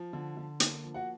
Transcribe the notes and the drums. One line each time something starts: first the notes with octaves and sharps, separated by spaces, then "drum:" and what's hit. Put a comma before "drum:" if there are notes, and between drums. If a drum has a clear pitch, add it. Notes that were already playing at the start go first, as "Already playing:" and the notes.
Already playing: F3
D3
D3
A#3, drum: hi-hat
F3
F#4 F#5